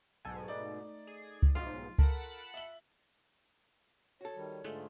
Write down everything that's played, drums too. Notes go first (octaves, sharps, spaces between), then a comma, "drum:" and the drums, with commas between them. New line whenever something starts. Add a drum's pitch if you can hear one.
B1 G#2 B2 A4 G#5
A3 D#4 D5
G#4
drum: kick C#2
B1 G#2 F4
A4 A#4 F#5 A5 B5, drum: kick C#2
E5 F#7
F#4 A4 C#5
D#3 G3
G#2 D3 G#3 A3 F4